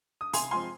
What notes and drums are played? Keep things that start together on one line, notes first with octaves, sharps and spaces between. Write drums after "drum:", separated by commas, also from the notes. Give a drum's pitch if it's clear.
D#6
C3 G#5 C6, drum: open hi-hat
F3 G#3 C4 G#5 C6